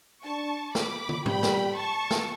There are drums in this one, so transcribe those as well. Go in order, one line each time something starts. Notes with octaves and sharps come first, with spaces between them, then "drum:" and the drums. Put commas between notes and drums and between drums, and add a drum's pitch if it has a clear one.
D4 A5 C#6
B5 D6, drum: snare
drum: tom
G3 G5 B5, drum: tom G#2
drum: snare
A5 C#6
drum: snare